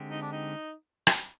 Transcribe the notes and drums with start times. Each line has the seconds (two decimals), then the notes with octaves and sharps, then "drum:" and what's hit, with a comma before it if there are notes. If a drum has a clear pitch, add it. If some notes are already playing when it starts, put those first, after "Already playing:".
Already playing: D3 G#3 C4 G4
0.10 D#4
0.21 D4
0.32 D#4
1.07 drum: rim click